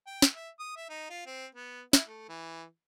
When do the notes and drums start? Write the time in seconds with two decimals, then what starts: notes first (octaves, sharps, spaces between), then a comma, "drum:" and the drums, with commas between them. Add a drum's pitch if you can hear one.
0.07 G5
0.22 drum: snare
0.34 E5
0.59 D#6
0.76 E5
0.89 D#4
1.10 F4
1.26 C4
1.55 B3
1.93 E4, drum: snare
2.08 A3
2.29 E3